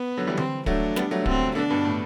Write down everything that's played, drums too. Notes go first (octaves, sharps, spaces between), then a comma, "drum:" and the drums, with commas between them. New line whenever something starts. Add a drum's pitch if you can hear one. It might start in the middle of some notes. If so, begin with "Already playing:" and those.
Already playing: B3
D3 F#3
E3 G3
C4, drum: tom D3
F#3 A3 D4, drum: kick
G3 B3, drum: snare
F#3 A3
D3 F#3 C4, drum: kick
B2 D3 D4
G2 B2
A2